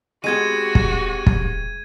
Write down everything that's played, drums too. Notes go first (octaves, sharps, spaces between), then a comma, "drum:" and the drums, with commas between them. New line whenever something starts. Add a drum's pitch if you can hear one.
G#3 B3 C4 F#4 G4 A4 G#6 D#7
drum: kick
drum: kick